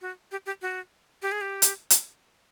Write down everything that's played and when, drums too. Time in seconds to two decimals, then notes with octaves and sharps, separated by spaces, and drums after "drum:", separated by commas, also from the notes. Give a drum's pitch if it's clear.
0.01 F#4
0.32 G4
0.46 G4
0.62 F#4
1.22 G4
1.32 G#4
1.41 G4
1.62 drum: hi-hat
1.90 drum: hi-hat